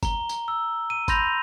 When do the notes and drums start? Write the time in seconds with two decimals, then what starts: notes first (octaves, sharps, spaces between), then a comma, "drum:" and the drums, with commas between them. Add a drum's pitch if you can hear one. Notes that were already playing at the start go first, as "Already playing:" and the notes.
0.03 A#5 G7, drum: kick, tambourine
0.29 drum: tambourine
0.48 E6
0.90 D#7
1.08 B5 C6 G6 A#6 F7, drum: kick, tambourine